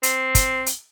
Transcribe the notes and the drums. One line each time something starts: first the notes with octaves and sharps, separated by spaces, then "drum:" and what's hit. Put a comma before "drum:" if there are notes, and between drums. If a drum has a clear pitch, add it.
C4, drum: hi-hat
drum: kick, hi-hat
drum: hi-hat